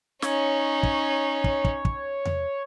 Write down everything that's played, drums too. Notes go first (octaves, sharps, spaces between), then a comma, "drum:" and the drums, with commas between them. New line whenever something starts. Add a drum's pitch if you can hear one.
C#4 D#4 C#5, drum: snare
drum: kick
drum: kick
drum: kick
drum: kick
drum: tom E2